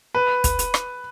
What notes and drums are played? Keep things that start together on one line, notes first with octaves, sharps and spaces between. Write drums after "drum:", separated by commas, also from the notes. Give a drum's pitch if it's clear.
B4
drum: kick, hi-hat
drum: hi-hat
drum: rim click